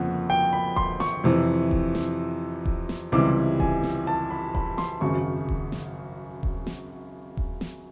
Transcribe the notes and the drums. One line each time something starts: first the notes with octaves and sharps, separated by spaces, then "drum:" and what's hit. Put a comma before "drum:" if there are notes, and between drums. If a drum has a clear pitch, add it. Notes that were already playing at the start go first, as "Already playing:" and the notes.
Already playing: G1 F2 C#3 F3 A#3 F#5
G5
B5
C6, drum: kick D#1
C#6, drum: snare
F2 C3 E3
drum: kick D#1
drum: snare
drum: kick D#1
drum: snare
C#2 C3 E3 G3 D6
G#5, drum: kick D#1
drum: snare
A5
B5
B5, drum: kick D#1
C6, drum: snare
G#1 F#2 C#3 C#6
drum: kick D#1
drum: snare
drum: kick D#1
drum: snare
drum: kick D#1
drum: snare